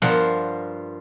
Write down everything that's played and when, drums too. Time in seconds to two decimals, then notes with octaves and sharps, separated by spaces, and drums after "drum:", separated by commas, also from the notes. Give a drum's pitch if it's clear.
0.02 G2 F3 A#4 C5 F5 F#5, drum: snare